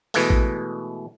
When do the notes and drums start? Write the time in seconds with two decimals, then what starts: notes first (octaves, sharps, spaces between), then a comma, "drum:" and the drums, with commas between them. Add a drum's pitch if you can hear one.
0.14 B2 E3 G#3 A3, drum: open hi-hat
0.30 drum: kick A1